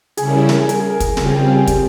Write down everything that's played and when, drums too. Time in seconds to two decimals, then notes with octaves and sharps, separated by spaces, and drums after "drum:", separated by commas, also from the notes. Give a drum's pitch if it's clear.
0.17 C#3 G3 C#4 E4 G#4, drum: hi-hat
0.28 A#4
0.38 G#4
0.49 A#4, drum: snare
0.59 G#4
0.69 A#4, drum: hi-hat
0.80 G#4
0.90 A#4
1.00 G#4, drum: kick, hi-hat
1.17 C#3 G3 C4 F4 A#4, drum: snare
1.26 G4 G#4
1.42 G4
1.55 G#4
1.67 G4, drum: kick, hi-hat